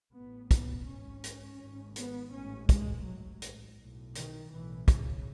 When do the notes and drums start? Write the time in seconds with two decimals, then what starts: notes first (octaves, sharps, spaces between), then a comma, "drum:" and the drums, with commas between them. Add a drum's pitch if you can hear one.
0.14 A1 A2 B3
0.51 B3, drum: kick, hi-hat
0.87 G#1 G#2 C#4
1.24 drum: hi-hat
1.59 G#1
1.65 G#2
1.96 B3, drum: hi-hat
2.32 A1 G#2 C#4
2.69 G#3, drum: kick, hi-hat
3.05 A1 G#2 F#3
3.42 drum: hi-hat
3.78 B1 A2
4.15 D#3, drum: hi-hat
4.51 B1 A2 E3
4.88 C#3, drum: kick, hi-hat